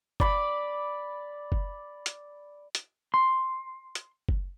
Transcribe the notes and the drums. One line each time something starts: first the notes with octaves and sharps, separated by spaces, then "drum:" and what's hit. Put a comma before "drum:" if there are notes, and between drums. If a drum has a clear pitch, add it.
D5 B5 D6, drum: kick F#1
drum: kick F#1
drum: hi-hat
drum: hi-hat
C6
drum: hi-hat
drum: kick F#1